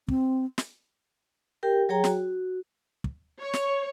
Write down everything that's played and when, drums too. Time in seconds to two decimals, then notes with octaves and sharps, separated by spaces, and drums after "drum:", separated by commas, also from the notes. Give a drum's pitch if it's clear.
0.08 C4, drum: kick
0.58 drum: snare
1.63 G4 A#4 G5
1.89 F#3 G#4 C#5 G5 A#5
2.04 F#4, drum: snare
3.04 drum: kick
3.41 C#5
3.53 drum: snare